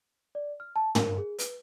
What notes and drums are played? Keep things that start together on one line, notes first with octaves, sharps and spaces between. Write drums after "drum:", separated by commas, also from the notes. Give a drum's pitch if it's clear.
D5
F6
A5
A#4, drum: tom
G#4
B4, drum: hi-hat